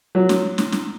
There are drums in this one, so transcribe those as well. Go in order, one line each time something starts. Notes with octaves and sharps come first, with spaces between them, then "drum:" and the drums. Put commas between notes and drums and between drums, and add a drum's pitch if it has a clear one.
F#3
drum: snare
drum: snare
drum: snare